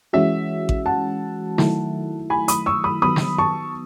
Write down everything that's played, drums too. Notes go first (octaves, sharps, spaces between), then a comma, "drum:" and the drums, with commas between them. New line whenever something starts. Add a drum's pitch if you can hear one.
E3 G#3 C#4 F#4 E5
drum: kick A1
F#5 A5
D#3 F#3 A3 E4, drum: snare
G#5 B5
B5 D#6, drum: hi-hat
C#6 E6
B5 D#6
D#3 F#3 B3 B5 D#6
drum: snare
A5 C#6